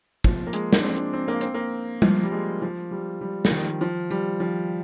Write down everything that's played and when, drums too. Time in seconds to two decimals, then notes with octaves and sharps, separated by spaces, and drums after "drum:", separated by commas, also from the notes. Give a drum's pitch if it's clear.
0.24 F3, drum: kick
0.47 A#3
0.53 G#3, drum: hi-hat
0.73 D4, drum: snare
0.83 C4
0.98 D4
1.13 C4
1.28 A#3
1.41 C4, drum: hi-hat
1.54 A#3
2.02 F3, drum: tom G3
2.23 G3
2.32 G#3
2.62 F3
2.91 G3
3.21 G3
3.45 F3, drum: snare
3.51 D#3
3.81 F3
4.11 G3
4.40 F3